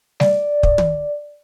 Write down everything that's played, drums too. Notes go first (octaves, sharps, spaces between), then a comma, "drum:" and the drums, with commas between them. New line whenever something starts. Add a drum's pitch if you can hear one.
D5, drum: snare G3
drum: kick
drum: tom